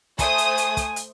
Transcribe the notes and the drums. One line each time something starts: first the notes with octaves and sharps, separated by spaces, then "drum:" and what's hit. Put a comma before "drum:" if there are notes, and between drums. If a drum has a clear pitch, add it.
A3 C5 G#5 D#6, drum: kick, hi-hat
drum: hi-hat
drum: hi-hat
drum: kick, hi-hat
drum: hi-hat